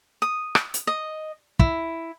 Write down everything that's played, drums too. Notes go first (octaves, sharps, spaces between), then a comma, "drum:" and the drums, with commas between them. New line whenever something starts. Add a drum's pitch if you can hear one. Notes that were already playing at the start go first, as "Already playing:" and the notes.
D#6
drum: rim click
drum: hi-hat
D#5
E4, drum: kick